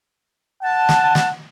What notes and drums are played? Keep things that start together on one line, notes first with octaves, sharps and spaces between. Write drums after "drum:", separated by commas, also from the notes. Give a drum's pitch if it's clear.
F#5 A5
drum: snare
drum: snare